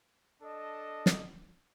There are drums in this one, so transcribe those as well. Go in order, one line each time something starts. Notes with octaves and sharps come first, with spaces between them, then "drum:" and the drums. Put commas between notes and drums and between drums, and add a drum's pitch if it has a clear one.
D4 A4 D#5
drum: snare